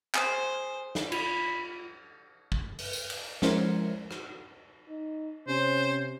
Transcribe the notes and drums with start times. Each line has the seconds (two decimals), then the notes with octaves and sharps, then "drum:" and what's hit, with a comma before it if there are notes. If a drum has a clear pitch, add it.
0.15 G#4 C5, drum: clap
0.95 drum: snare
1.12 F4 B5, drum: cymbal
2.52 drum: kick
2.78 drum: open hi-hat
2.93 drum: tambourine
3.10 drum: cymbal
3.42 F3 G#3 C#4 E4 A#4 C5, drum: snare
4.11 drum: rim click
4.89 D#4
5.48 C3 C#4 C5